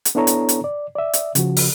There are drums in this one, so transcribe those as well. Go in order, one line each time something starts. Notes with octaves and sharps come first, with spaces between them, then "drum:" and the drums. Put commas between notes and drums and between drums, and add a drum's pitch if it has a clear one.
drum: hi-hat
B3 D4 E4 A4 C#5 A#5
drum: hi-hat
drum: hi-hat
D5
D5 E5
drum: hi-hat
C#3 F3 F#4, drum: hi-hat
drum: open hi-hat